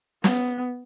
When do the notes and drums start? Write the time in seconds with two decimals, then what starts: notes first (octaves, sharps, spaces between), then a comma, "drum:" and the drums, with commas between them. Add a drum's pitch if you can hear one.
0.24 B3, drum: snare